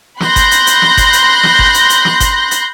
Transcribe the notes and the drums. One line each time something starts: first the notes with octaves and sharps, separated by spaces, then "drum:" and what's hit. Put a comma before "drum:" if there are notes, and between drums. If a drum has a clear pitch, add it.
B5 C6 F#6 G6 A#6, drum: snare
drum: kick G1, hi-hat
drum: hi-hat
drum: hi-hat
drum: snare
drum: kick G1, hi-hat
drum: hi-hat
drum: snare
drum: kick G1
drum: hi-hat
drum: hi-hat
drum: snare
drum: kick G1, hi-hat
drum: hi-hat